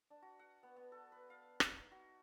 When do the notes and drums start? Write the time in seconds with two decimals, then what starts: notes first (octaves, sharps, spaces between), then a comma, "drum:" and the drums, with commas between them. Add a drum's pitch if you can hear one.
0.10 D4
0.22 F#4
0.39 F#5
0.63 B3
0.76 B3
0.92 A4
1.12 B4
1.30 F5
1.60 D#4, drum: rim click
1.92 F#4